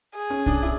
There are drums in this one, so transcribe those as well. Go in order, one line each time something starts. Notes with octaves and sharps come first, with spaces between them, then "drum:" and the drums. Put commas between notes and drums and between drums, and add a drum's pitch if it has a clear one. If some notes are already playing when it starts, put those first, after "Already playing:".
G#4
C#4
D4, drum: kick
E4